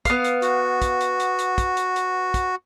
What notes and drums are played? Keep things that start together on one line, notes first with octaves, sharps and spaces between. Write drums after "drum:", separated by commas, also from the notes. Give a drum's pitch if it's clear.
B3 F5, drum: kick, hi-hat
drum: hi-hat
F#4, drum: hi-hat
drum: kick, hi-hat
drum: hi-hat
drum: hi-hat
drum: hi-hat
drum: kick, hi-hat
drum: hi-hat
drum: hi-hat
drum: kick, hi-hat